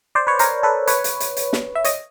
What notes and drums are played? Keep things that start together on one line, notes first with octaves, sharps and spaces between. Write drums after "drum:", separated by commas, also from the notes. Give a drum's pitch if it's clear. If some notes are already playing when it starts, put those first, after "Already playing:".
C5 D5
B4 C#5
A#4 C5, drum: hi-hat
A4 B4
B4 C#5, drum: hi-hat
drum: hi-hat
drum: hi-hat
drum: hi-hat
drum: snare
E5
C#5 D#5, drum: hi-hat